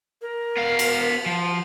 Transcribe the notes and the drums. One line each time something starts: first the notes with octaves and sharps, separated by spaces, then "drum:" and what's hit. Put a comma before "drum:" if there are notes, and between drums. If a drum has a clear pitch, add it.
A#4
B3 F5
drum: cymbal
F3